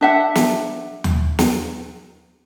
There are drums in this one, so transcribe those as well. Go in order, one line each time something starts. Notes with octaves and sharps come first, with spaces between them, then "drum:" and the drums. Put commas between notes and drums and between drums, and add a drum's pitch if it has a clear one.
D4 E5 F#5
drum: snare
drum: tom D#2
drum: snare